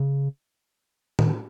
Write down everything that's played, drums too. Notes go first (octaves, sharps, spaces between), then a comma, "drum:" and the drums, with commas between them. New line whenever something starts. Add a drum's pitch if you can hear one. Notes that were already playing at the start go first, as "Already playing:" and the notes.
Already playing: C#3
D#3, drum: tom A2